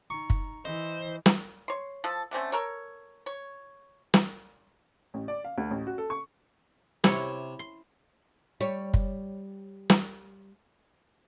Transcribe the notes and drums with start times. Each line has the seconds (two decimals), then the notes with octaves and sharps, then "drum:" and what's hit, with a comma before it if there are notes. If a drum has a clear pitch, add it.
0.10 D#4 A#5 C#6
0.30 drum: kick
0.65 E3 C5 D#5
1.26 drum: snare
1.68 C#5 C6
2.04 F3 A4
2.31 D3 A3 C4 C#4
2.52 A4 A#4 C#5
3.26 C#5
4.14 drum: snare
5.14 A1
5.28 D5
5.44 F5
5.58 D2
5.71 A1
5.87 F#4
5.98 A4
6.10 C#6
7.04 C3 E4 C#5, drum: snare
7.59 C6
8.61 G3 C#5
8.94 drum: kick
9.90 drum: snare